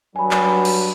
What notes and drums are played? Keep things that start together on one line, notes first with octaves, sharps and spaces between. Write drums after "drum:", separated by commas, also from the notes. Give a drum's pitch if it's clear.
G2 F#3 G#5 B5
drum: clap
drum: cymbal